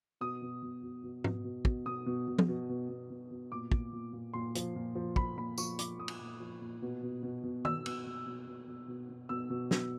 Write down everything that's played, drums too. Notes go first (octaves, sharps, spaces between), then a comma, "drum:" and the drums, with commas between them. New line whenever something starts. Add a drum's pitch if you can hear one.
B2 D#6
B2
B2
B2
B2
B2, drum: tom
B2
B2, drum: kick
B2 D#6
B2
B2
drum: tom F3
B2
B2
B2
B2
B2
A#2 D6
A#2, drum: kick
A#2
A#2
A#2 C6
F3, drum: hi-hat
A#2
F3
F3 B5, drum: kick
A#2 B5
F3 C#6, drum: tambourine
F3 D6, drum: hi-hat
A#2 D#6
drum: cymbal
A#2
F3
A#2
B2
B2
B2
B2
B2 E6, drum: tom
B2, drum: cymbal
B2
B2
B2
B2
B2
B2
B2 E6
B2
B2, drum: snare